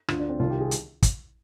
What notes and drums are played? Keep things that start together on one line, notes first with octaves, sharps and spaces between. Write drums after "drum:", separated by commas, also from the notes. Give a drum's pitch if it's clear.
D2 D3 F4, drum: rim click
D4
C4
C2 C3 D#3 F4
G4
G#4
drum: hi-hat
drum: kick, hi-hat